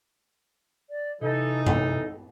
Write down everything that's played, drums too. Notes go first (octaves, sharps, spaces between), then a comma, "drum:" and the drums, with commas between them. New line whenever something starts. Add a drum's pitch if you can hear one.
D5
C3 E3 D#4 A4
A4, drum: tom G2